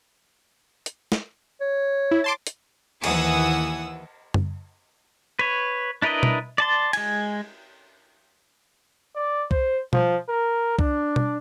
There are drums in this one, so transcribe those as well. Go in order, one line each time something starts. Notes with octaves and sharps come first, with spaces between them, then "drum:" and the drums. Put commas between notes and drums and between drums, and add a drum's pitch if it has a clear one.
drum: hi-hat
drum: snare
C#5
E4
A5 C6 D6
drum: hi-hat
D#2 E3 F#5 G#5 D#6 E6, drum: cymbal
drum: tom F#2
B4 C#5
D4 E4 A#4 B4 D#5
drum: tom B2
D5 A5 C6
G#3 G#5, drum: cymbal
D5
C5, drum: kick C2
F3, drum: tom B2
A#4
D4, drum: kick C2
drum: tom B2